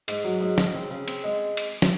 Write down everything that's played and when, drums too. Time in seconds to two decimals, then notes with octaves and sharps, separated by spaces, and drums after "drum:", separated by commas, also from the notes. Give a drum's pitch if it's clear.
0.08 G#2, drum: cymbal
0.24 F#3
0.41 G#2
0.58 C#3, drum: snare
0.74 C4
0.91 C#3
1.08 C4, drum: cymbal
1.24 G#3
1.57 drum: cymbal
1.82 drum: snare